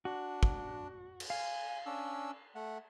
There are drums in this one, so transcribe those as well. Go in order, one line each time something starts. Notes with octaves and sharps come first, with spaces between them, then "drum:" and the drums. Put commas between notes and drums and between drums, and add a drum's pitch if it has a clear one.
D4 F#4
drum: kick
drum: cymbal
F5 G#5
C#4 D4 E6
A3 F#5